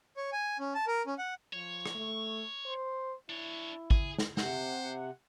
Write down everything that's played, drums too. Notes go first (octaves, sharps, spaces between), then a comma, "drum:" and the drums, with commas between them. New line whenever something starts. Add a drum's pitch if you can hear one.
C#5
G#5
C#4
A5
A#4
C#4
F#5
F3 C#5
drum: rim click
A3
C5
D4 E4 C#5
G#4, drum: kick
drum: snare
C3 C5 F#5, drum: snare